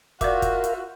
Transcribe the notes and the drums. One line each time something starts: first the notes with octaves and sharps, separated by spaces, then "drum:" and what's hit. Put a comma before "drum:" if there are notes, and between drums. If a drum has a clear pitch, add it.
F4 F#4 A#4 D5 E5 F5 D6 G6, drum: kick, hi-hat
drum: kick, hi-hat
drum: hi-hat